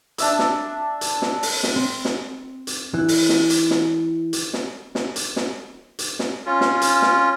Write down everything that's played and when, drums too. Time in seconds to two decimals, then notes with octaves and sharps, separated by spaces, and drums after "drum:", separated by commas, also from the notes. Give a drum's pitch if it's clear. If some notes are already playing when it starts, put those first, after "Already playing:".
0.18 D4 E5 E6, drum: hi-hat
0.39 drum: snare
1.01 drum: hi-hat
1.22 drum: snare
1.43 drum: open hi-hat
1.63 drum: snare
1.76 C4
2.05 drum: snare
2.67 drum: hi-hat
2.94 E3
3.08 drum: open hi-hat
3.29 drum: snare
3.50 drum: hi-hat
3.71 drum: snare
4.33 drum: hi-hat
4.53 drum: snare
4.95 drum: snare
5.16 drum: hi-hat
5.36 drum: snare
5.99 drum: hi-hat
6.19 drum: snare
6.46 C#4 F4
6.61 drum: snare
6.81 drum: hi-hat
7.02 drum: snare